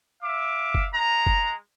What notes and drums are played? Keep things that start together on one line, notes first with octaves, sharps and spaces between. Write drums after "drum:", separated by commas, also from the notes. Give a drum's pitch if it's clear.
E5 F5 D6
drum: kick F#1
G#3 A#5
drum: kick F#1